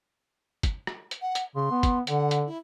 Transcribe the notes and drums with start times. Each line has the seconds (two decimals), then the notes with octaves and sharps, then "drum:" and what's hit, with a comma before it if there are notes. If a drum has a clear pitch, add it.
0.63 drum: kick, hi-hat
0.87 drum: rim click
1.11 drum: hi-hat
1.22 F#5
1.35 drum: hi-hat
1.56 C#3 C6
1.71 B3
1.83 drum: kick, hi-hat
2.07 D3 F#5, drum: hi-hat
2.31 drum: hi-hat
2.47 E4